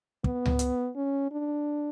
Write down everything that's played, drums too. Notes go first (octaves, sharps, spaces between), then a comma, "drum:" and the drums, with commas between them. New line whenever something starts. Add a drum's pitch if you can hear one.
B3, drum: kick
drum: tom C#2
drum: hi-hat
C#4
D4